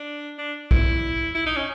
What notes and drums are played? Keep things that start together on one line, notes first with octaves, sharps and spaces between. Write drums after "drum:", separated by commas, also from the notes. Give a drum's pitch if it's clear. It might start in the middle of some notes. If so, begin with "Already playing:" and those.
Already playing: D4
D4
E4, drum: kick B1
E4
D#4
C#4